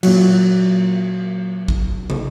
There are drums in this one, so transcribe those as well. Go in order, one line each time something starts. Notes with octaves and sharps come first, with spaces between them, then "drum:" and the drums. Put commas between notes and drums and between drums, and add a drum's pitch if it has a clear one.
A#2 F#3, drum: cymbal
drum: kick
drum: tom